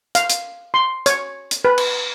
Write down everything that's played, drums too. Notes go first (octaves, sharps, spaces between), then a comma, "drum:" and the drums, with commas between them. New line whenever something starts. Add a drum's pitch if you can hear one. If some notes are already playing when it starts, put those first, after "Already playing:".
F5, drum: hi-hat
drum: hi-hat
C6
C#5, drum: hi-hat
drum: hi-hat
B4
drum: cymbal